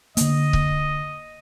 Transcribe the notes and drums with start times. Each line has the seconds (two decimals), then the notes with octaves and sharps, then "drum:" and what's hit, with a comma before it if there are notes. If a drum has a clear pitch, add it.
0.17 D3 A#3 D#5, drum: hi-hat
0.53 drum: kick C#1